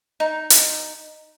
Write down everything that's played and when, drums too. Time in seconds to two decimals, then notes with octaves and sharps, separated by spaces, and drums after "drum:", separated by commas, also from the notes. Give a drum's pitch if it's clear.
0.20 D#4
0.50 drum: hi-hat